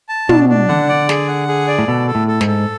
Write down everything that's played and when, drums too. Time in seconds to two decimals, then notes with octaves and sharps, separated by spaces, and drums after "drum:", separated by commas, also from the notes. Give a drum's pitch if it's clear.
0.09 A5
0.29 B2 D4, drum: tom
0.49 D4
0.68 D3 F#5
0.89 D5
1.09 G#4, drum: snare
1.28 F#5
1.48 G#4
1.68 D5
1.79 A2
1.88 B2 A4
2.07 A4
2.15 A2
2.28 A4
2.41 G#2, drum: snare
2.47 A4